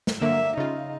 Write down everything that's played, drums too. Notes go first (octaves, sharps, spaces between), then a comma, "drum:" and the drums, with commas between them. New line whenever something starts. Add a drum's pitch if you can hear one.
drum: snare
D3 F#3 A#3 E5
C#3 D#4 F4